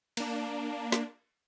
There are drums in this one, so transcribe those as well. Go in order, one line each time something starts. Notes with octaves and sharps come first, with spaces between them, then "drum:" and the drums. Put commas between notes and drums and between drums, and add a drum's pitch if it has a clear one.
A#3 D4, drum: cymbal
drum: snare